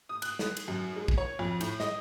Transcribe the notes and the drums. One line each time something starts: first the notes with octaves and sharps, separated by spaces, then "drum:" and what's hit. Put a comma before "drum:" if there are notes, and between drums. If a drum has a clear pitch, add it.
D#6
F#6, drum: cymbal
drum: snare
drum: cymbal
F#2
G#3
drum: kick A#1
C#5
F2
A2, drum: cymbal
D#5, drum: snare